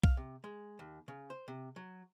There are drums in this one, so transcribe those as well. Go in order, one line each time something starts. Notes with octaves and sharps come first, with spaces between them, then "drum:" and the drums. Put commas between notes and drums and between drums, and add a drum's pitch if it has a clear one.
F5, drum: kick B1
C3
G#3
D#2
C#3
C5
C3
F#3